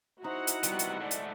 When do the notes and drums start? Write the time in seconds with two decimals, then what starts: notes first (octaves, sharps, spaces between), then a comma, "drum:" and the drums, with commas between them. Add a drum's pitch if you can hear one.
0.24 D#4 E4 F#4 C5 F#5 A#5
0.47 drum: hi-hat
0.63 C3 G3 B3, drum: hi-hat
0.79 drum: hi-hat
1.01 G#2 A3 D5
1.11 drum: hi-hat